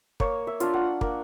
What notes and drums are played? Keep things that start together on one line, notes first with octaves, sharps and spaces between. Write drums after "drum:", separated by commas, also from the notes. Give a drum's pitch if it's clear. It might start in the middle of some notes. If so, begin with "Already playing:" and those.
A#3 C#5, drum: kick
E5
D4 F4 F5, drum: hi-hat
F#5
A#3, drum: kick